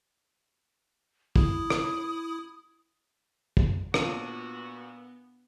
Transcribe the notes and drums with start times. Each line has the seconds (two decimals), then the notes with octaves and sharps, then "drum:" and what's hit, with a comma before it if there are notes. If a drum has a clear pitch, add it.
1.36 E4 D#6, drum: kick
1.70 drum: rim click
3.57 drum: kick
3.94 A#2 B3 D4 F4 F#4 D#7, drum: rim click